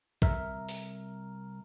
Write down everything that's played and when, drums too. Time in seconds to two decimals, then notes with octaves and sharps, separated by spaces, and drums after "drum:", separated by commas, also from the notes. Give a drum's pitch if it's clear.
0.22 C2 A#4 E5, drum: kick
0.69 drum: open hi-hat